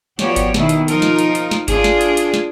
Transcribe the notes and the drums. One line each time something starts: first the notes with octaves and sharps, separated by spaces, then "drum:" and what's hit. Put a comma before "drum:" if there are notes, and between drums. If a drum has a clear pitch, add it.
F3 B3 F#4 G4 C#5 D5, drum: snare
drum: kick G#1, hi-hat
B2 D#3 E4, drum: snare
drum: hi-hat
F3 D#4 F4 A#4, drum: hi-hat
drum: snare
drum: hi-hat
drum: hi-hat
drum: snare
D4 F4 G#4, drum: kick G#1, hi-hat
drum: snare
drum: hi-hat
drum: hi-hat
drum: snare